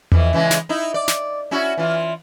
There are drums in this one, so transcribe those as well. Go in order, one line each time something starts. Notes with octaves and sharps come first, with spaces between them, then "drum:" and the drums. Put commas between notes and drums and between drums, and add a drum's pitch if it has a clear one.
F2 E3, drum: tom E2
C#3 E3 G#3
drum: snare
D#4 E4
D5
drum: snare
C#4 E4 F#4
E3 F4